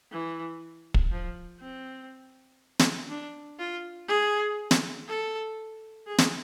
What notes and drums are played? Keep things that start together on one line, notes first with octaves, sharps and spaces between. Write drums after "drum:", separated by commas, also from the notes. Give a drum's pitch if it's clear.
E3
drum: kick
F3
C4
drum: snare
D4
F4
G#4
drum: snare
A4
G#4
drum: snare